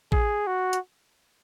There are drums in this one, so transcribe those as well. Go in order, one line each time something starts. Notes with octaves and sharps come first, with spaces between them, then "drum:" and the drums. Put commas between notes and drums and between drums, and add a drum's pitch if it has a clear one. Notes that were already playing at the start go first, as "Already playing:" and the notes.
G#4, drum: kick
F#4
drum: hi-hat